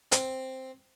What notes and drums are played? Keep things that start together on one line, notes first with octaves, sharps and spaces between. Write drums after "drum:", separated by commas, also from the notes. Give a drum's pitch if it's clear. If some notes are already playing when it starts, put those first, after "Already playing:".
C4, drum: hi-hat